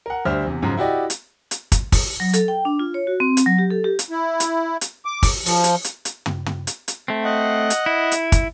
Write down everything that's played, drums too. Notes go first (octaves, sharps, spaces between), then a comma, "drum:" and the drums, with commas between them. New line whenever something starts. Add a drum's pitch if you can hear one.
A#4 F#5
D2 G3 C5 E5 F6
E2 C3
G#2 C#3 F3 F#3
E4 F#4 G4 D5 D#5
drum: hi-hat
drum: hi-hat
drum: kick, hi-hat
drum: kick, open hi-hat
F#3
A4, drum: hi-hat
G5
D4
F4
C#5
F#4
C4
drum: hi-hat
F#3
G4
A4
G4
drum: hi-hat
E4
drum: hi-hat
drum: hi-hat
D6
drum: kick, open hi-hat
F3, drum: open hi-hat
drum: hi-hat
drum: hi-hat
drum: hi-hat
drum: tom
drum: tom
drum: hi-hat
drum: hi-hat
A3 C4
D#5 F#5
drum: hi-hat
E4
drum: hi-hat
drum: kick, hi-hat